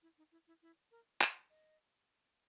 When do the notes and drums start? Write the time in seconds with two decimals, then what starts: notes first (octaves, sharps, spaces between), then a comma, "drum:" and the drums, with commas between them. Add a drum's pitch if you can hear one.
0.02 E4
0.18 D#4
0.32 E4
0.47 E4
0.62 E4
0.91 A#4
1.21 C#5, drum: clap
1.50 D#5